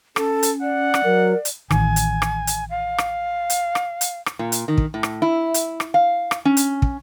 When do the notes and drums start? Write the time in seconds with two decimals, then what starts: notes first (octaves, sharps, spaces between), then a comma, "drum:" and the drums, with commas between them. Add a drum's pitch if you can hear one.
0.16 C#4 A4, drum: rim click
0.43 drum: hi-hat
0.62 D5 F#5
0.94 drum: rim click
1.04 F#3 A#4
1.45 drum: hi-hat
1.71 A1 D#3 G#5, drum: rim click
1.96 drum: hi-hat
2.22 drum: rim click
2.47 drum: hi-hat
2.70 F5
2.98 drum: rim click
3.50 drum: hi-hat
3.75 drum: rim click
4.01 drum: hi-hat
4.26 drum: rim click
4.39 A#2
4.52 drum: hi-hat
4.68 D#3
4.78 drum: kick
4.94 A2
5.03 drum: rim click
5.22 E4
5.54 drum: hi-hat
5.80 drum: rim click
5.94 F5
6.31 drum: rim click
6.45 C#4
6.57 drum: hi-hat
6.82 drum: kick